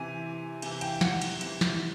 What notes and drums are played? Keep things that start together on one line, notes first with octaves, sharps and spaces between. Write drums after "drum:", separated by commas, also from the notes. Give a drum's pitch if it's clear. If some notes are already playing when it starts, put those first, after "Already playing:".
Already playing: C3 E3 G#5
C3 E3, drum: cymbal
G5, drum: cymbal
F#5, drum: snare
drum: cymbal
C3 E3, drum: cymbal
drum: snare